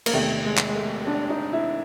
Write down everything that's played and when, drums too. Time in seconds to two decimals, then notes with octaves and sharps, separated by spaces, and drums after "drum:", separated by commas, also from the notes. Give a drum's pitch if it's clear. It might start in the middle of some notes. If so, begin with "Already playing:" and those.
0.06 A#3, drum: cymbal
0.13 E2 C3 D#3 A3
0.45 G#3
0.57 drum: clap
0.68 G#3
0.76 A3
1.07 D4
1.30 D#4
1.53 E4